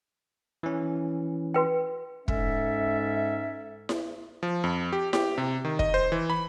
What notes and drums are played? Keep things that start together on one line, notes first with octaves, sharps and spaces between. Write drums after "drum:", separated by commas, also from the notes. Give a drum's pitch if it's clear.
E3 C#4
F#4 B4 G5
G#2 G#3 C#4 A4 E5, drum: kick
drum: snare E4
F3
F2
G4
G4, drum: snare E4
C3
D#3
D#5, drum: kick
C5
E3
B5